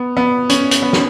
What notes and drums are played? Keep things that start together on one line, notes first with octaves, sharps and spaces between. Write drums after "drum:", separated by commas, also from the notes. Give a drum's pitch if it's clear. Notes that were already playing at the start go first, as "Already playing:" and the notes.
Already playing: B3
B3
C#4, drum: hi-hat
drum: hi-hat
B3
drum: snare